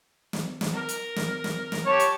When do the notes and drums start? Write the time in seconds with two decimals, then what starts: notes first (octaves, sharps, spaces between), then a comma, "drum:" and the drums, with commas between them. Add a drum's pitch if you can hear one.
0.33 drum: snare
0.61 drum: snare
0.73 A#4
0.89 drum: hi-hat
1.16 drum: snare
1.44 drum: snare
1.72 drum: snare
1.86 G4 C#5 A5
2.00 drum: hi-hat